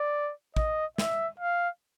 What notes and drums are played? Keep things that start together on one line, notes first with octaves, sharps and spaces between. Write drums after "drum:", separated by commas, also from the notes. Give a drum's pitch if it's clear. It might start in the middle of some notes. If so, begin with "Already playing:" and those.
Already playing: D5
D#5, drum: kick
E5, drum: snare
F5